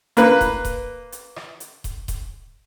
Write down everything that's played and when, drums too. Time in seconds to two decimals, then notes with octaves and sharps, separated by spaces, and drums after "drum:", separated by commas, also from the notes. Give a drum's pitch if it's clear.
0.17 A#3 B4, drum: hi-hat
0.41 drum: kick D#1, hi-hat
0.65 drum: kick D#1, hi-hat
1.12 drum: hi-hat
1.36 drum: rim click
1.60 drum: hi-hat
1.84 drum: kick D#1, hi-hat
2.08 drum: kick D#1, hi-hat